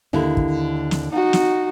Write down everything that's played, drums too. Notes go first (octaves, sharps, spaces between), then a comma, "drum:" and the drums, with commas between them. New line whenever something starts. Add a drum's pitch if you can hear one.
D#2 D3 E4
drum: kick
drum: snare
D#4 F#4
drum: snare